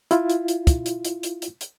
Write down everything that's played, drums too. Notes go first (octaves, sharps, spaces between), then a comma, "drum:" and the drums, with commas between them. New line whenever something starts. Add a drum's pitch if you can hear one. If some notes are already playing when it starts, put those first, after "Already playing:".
E4 F4, drum: hi-hat
drum: hi-hat
drum: hi-hat
drum: kick, hi-hat
drum: hi-hat
drum: hi-hat
drum: hi-hat
drum: hi-hat
drum: hi-hat